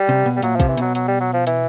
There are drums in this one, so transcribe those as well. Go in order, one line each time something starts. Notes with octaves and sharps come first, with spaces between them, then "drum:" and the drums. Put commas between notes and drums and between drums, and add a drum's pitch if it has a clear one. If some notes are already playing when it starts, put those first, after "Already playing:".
Already playing: G3
C3
B2
G3
A#2 F#3, drum: hi-hat
F3
C3, drum: kick, hi-hat
E3
B2 F#3, drum: hi-hat
F#3, drum: hi-hat
G3
F#3
F3
E3, drum: hi-hat